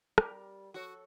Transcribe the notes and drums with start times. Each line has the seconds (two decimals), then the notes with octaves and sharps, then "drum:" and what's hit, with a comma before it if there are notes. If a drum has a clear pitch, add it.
0.18 G3 G4 A#4, drum: rim click
0.74 F#4 A4 C#5 C#6